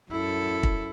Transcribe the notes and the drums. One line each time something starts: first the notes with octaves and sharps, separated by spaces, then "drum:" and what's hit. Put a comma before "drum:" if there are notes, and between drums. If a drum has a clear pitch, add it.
F#2 E4 A4
drum: kick